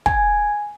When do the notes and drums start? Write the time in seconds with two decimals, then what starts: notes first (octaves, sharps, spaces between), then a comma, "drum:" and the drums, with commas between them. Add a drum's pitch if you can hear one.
0.06 G#5, drum: kick